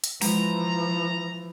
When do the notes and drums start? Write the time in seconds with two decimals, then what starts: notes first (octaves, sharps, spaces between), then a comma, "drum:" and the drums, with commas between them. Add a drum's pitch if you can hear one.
0.04 drum: hi-hat
0.22 E3 F3 G#3 A#5, drum: open hi-hat